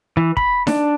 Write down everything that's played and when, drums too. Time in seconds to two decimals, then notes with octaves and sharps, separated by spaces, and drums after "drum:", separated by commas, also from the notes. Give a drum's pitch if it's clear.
0.17 E3
0.37 B5, drum: kick
0.67 D4, drum: snare D#4